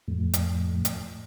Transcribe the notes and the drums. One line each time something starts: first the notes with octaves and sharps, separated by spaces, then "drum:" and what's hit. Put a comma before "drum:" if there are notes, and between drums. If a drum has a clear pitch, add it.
F2 A2
drum: hi-hat
drum: hi-hat